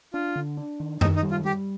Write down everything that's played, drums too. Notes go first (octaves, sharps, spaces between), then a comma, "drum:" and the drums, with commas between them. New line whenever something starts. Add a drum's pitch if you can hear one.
D4 F4
D3
D4
D#3
D#3 D#4, drum: tom F#2
D#4
G3
F4
G3 G4